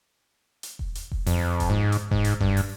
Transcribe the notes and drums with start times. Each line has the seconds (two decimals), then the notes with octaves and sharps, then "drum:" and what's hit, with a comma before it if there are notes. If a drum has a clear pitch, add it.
0.63 drum: hi-hat
0.79 drum: kick E1
0.95 drum: hi-hat
1.11 drum: kick E1
1.27 F2, drum: open hi-hat
1.60 drum: kick E1, hi-hat
1.70 G#2
1.92 drum: hi-hat
2.11 G#2, drum: kick E1
2.25 drum: hi-hat
2.41 G2, drum: kick E1
2.57 drum: open hi-hat